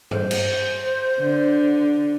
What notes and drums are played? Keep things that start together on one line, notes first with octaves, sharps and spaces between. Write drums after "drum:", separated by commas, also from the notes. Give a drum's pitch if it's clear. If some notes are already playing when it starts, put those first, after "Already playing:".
C5, drum: tom G2
drum: cymbal
D3